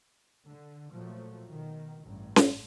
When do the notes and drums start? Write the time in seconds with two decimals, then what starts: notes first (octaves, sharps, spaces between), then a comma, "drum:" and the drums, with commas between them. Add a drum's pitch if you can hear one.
0.46 D3
0.91 A#2 F3 F#3 A3
1.48 B2 D#3
2.02 A1 G2
2.36 drum: snare C#4